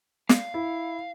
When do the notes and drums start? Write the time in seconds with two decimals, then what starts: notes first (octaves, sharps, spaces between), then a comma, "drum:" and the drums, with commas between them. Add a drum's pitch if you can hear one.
0.29 F5, drum: snare
0.54 E4